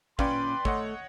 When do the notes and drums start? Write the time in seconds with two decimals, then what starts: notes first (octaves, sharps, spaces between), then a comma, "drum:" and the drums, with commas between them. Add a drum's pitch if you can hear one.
0.19 A#2 C#4 B4 D5 F5 G5 C6, drum: kick
0.65 A3 C#5 D#5 F#5, drum: kick